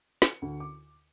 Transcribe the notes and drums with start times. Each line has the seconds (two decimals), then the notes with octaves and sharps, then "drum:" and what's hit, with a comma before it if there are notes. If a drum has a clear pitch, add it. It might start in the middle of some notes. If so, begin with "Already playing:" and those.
0.22 C#7, drum: snare
0.42 D2
0.60 D6